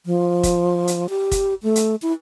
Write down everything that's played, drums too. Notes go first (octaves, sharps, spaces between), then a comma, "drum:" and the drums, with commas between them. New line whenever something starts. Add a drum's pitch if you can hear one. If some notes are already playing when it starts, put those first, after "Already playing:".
F3
drum: kick, hi-hat
drum: hi-hat
G4
drum: kick, hi-hat
A3
drum: hi-hat
E4